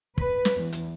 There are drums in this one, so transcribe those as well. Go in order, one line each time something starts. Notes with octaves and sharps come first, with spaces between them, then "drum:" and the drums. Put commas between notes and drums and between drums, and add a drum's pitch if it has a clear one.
B4, drum: kick
drum: snare
E2
drum: hi-hat